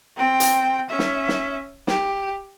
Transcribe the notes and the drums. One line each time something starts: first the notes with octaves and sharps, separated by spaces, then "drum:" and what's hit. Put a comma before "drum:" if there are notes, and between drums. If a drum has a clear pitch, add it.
C4 G5
drum: hi-hat
C#4 E5
drum: snare
drum: snare
G4, drum: snare